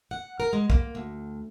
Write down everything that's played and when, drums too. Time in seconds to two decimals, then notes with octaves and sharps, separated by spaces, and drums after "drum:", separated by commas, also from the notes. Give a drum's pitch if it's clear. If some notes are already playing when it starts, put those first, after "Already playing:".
0.11 F#5
0.40 A#4
0.53 G#3
0.70 A#3, drum: kick B1
0.95 D2